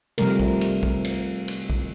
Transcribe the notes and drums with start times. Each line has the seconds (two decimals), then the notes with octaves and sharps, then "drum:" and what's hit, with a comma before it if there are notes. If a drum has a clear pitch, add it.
0.18 C3 F3 G3 A3 A#4, drum: cymbal
0.40 drum: kick B1
0.61 drum: cymbal
0.83 drum: kick B1
1.05 drum: cymbal
1.48 drum: cymbal
1.70 drum: kick B1